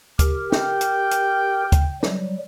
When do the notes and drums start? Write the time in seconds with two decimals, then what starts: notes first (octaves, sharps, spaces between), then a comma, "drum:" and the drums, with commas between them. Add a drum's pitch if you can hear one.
0.19 G4 A#4, drum: kick, hi-hat
0.52 G5, drum: snare
0.81 drum: hi-hat
1.11 drum: hi-hat
1.72 drum: kick, hi-hat
2.03 F#3 G3, drum: snare